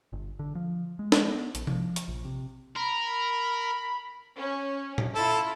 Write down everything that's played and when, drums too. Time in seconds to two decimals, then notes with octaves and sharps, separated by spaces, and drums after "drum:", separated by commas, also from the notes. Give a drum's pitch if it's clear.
0.13 G1
0.39 D3
0.55 F3
0.99 G#3
1.12 drum: snare
1.28 B3
1.55 A#1, drum: hi-hat
1.67 F3, drum: tom C3
1.96 drum: hi-hat
2.08 A#1
2.25 C3
2.76 A#4 B5
4.37 C#4
4.98 drum: tom A#2
5.15 E4 F4 A4 A5